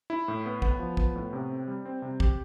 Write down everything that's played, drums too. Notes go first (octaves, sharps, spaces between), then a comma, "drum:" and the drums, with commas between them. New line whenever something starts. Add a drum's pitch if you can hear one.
E4
A2
B3
B3, drum: kick
F3
B3, drum: kick
A2
C3
C4
G3
C4
C3
G4, drum: kick